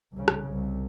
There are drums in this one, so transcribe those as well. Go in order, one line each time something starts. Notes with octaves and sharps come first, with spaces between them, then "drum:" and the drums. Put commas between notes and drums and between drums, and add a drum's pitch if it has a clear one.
C2 C#3
drum: rim click
C2